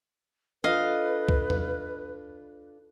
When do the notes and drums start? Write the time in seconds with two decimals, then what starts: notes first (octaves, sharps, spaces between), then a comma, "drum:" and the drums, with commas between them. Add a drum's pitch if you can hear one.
0.64 D4 F4 A4 B4 D#5 F5
1.29 drum: kick C2
1.50 drum: tom E2